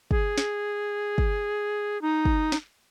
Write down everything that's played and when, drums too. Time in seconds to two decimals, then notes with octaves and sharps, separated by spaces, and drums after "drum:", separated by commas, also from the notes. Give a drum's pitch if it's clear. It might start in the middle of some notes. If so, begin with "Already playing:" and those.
0.11 G#4, drum: kick
0.38 drum: snare
1.18 drum: kick
2.02 D#4
2.25 drum: kick
2.52 drum: snare